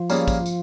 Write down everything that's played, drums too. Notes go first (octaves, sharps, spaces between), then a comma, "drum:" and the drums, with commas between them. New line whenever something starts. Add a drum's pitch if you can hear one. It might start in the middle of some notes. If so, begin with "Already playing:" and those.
Already playing: F3
G3 A#3 C#4 F4 G#4, drum: tambourine
drum: kick, tambourine
drum: tambourine